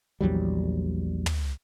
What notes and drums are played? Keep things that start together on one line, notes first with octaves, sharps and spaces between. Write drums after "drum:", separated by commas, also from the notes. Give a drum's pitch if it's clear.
A#1 E2 F#3 G3
drum: tom